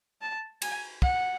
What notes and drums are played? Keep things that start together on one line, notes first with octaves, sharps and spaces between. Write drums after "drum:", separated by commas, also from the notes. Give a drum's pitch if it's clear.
A5
G#5, drum: cymbal
F#5, drum: kick